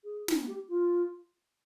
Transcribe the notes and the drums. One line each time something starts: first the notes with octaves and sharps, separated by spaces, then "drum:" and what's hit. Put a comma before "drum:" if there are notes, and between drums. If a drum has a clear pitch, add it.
G#4
drum: snare
G4
F4